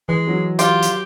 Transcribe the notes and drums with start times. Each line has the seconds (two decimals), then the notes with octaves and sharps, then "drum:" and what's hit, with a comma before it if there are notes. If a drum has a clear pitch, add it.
0.09 E3 G#3
0.27 F#3
0.59 F4 G4, drum: hi-hat
0.83 drum: hi-hat